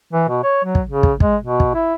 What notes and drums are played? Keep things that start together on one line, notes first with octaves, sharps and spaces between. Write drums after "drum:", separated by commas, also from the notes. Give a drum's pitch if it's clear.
E3
B2
C#5
F#3
drum: kick
C#3
drum: kick
G#3, drum: kick
B2
drum: kick
E4